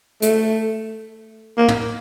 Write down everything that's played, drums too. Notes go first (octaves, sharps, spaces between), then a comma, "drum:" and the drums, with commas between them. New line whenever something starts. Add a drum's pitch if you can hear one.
A3, drum: hi-hat
A#3
drum: tom